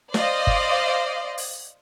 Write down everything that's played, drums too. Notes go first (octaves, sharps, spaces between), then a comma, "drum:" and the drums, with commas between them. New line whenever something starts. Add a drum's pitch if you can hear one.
C5 D5 D#5 F5, drum: snare
drum: kick G1
drum: open hi-hat